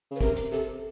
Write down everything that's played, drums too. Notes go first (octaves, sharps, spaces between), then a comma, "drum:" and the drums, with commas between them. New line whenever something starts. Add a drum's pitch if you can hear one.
C#3 B4
C3 A#4, drum: kick
drum: hi-hat
C3 A4